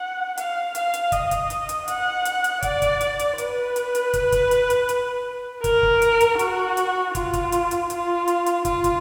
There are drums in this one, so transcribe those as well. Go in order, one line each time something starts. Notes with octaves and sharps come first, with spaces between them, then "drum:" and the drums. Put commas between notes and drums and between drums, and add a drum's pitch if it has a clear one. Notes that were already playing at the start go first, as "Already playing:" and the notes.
Already playing: F#5
F5, drum: hi-hat
F5, drum: hi-hat
drum: hi-hat
D#5, drum: kick, hi-hat
drum: kick, hi-hat
drum: hi-hat
drum: hi-hat
F#5, drum: hi-hat
drum: hi-hat
drum: hi-hat
D5, drum: kick, hi-hat
drum: kick, hi-hat
drum: hi-hat
drum: hi-hat
B4, drum: hi-hat
drum: hi-hat
drum: hi-hat
drum: kick, hi-hat
drum: kick, hi-hat
drum: hi-hat
drum: hi-hat
drum: hi-hat
A#4, drum: kick, hi-hat
drum: kick
drum: hi-hat
drum: hi-hat
F#4, drum: hi-hat
drum: hi-hat
F4, drum: kick, hi-hat
drum: kick, hi-hat
drum: hi-hat
drum: hi-hat
F4, drum: hi-hat
drum: hi-hat
drum: hi-hat
F4, drum: kick, hi-hat
drum: kick, hi-hat